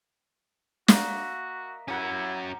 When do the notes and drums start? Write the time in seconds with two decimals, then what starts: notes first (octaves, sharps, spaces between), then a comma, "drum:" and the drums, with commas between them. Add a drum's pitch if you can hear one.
0.88 A#3 F#4 D#5 E5, drum: snare
1.88 C#4 E4 F#4 G4 A#4 F#5